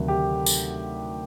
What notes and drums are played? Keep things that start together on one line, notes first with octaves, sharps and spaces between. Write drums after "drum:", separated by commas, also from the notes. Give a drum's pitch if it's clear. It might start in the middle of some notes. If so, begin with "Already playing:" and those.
Already playing: D2 C3 D#3 F#3
G4
drum: tambourine